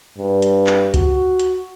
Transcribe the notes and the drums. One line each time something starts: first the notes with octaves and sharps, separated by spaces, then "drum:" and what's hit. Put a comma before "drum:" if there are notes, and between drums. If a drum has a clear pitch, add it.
G2
drum: hi-hat
drum: clap
F#4, drum: kick C#2, hi-hat
drum: hi-hat